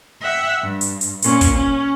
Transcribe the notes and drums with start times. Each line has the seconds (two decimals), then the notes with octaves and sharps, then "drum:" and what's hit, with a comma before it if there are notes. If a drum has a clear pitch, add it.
0.21 E5 F#5 G5 E6
0.61 G2
0.81 drum: hi-hat
1.01 drum: hi-hat
1.22 A#2 C4 C#4 F4 C#6, drum: hi-hat
1.41 drum: kick, hi-hat
1.53 C#4